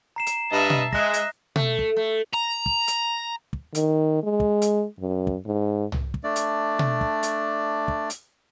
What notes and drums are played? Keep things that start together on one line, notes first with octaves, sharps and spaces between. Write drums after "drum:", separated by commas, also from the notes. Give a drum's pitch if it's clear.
A#5 C7 E7
drum: hi-hat
G2 B4 D#5 E5 A5
drum: tom B2
G#3 D#5 E5 F#6 A#6, drum: kick
drum: hi-hat
A3, drum: tom B2
drum: kick
A3
A#5
drum: kick
drum: hi-hat
drum: kick
D#3, drum: hi-hat
G#3
drum: kick
drum: hi-hat
F#2
drum: kick
G#2
drum: tom C2
drum: kick
A3 D4 D5
drum: hi-hat
drum: tom B2
drum: kick
drum: hi-hat
drum: kick
drum: hi-hat